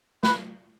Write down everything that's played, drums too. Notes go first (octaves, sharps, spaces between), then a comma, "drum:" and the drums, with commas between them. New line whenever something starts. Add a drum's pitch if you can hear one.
B4, drum: snare